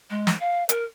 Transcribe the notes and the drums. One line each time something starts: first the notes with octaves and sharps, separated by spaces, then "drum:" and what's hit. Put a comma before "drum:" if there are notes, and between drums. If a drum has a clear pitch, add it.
G#3
drum: snare
F5
A#4, drum: hi-hat